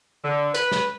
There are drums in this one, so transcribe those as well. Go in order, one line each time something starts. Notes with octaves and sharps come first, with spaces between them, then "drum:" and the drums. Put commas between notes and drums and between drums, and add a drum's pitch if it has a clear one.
D3
B4, drum: hi-hat
drum: snare